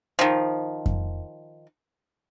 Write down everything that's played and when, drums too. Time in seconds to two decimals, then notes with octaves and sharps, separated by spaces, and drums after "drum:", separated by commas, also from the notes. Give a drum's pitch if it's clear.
0.19 D#3 F3
0.86 drum: kick F2